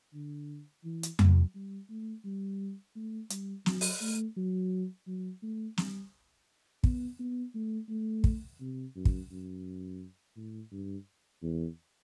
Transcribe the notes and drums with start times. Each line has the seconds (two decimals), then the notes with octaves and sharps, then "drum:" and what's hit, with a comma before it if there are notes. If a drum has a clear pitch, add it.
0.13 D3
0.84 E3
1.03 drum: hi-hat
1.19 F#3, drum: tom F2
1.55 G3
1.90 A3
2.24 G3
2.96 A3
3.30 G3, drum: hi-hat
3.66 F#3, drum: snare
3.81 drum: open hi-hat
4.01 A3
4.37 F#3
5.07 F#3
5.43 A3
5.78 G3, drum: snare
6.84 B3, drum: kick
7.20 B3
7.55 A3
7.89 A3
8.24 drum: kick
8.61 C3
8.96 F#2
9.05 drum: kick
9.31 F#2
10.36 A2
10.72 G2
11.43 E2